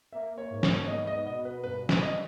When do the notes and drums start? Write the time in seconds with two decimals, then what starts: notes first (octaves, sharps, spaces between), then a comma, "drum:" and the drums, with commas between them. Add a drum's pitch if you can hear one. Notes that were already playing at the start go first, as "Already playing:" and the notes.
0.13 A#3 E5
0.38 C#5
0.50 G#2
0.63 C#5, drum: snare
0.88 B3 D#5
1.07 D#5
1.26 B2 D#5
1.45 B4
1.64 G2 B4
1.89 drum: snare
2.02 G3 D#5